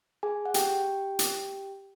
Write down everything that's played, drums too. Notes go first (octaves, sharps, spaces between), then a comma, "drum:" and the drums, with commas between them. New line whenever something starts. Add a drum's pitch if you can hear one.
G#4 G#5
F#5
G4 G5, drum: hi-hat
drum: hi-hat